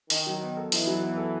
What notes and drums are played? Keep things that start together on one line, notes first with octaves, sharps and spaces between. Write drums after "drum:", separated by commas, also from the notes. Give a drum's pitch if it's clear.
D#3 D#4, drum: open hi-hat
F#3
B3
A4
E3 D#4, drum: open hi-hat
F#3
B3
A4